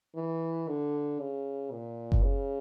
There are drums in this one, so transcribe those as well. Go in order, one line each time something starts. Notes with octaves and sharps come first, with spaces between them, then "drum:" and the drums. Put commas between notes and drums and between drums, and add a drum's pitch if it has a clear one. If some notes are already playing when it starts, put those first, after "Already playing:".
E3
D3
C#3
A#2
drum: kick F#1
C#3